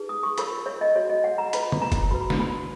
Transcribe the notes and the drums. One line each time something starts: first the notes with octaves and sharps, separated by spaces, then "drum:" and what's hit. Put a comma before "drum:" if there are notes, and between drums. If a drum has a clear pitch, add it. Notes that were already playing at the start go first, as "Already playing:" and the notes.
Already playing: D#4 G#4 B4
D#6
C#6
F4 A#4 C#5 B5, drum: hi-hat
C#5
D#5
F#4 C#5
D#5
F#5
A#5
F4 B4 B5, drum: hi-hat
drum: tom
A#5
drum: kick, hi-hat
F#4 B4 B5
drum: snare
B5